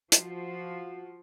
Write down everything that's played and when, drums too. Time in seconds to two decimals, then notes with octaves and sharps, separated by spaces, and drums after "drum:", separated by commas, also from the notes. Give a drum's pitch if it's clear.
0.12 F3 F#4, drum: hi-hat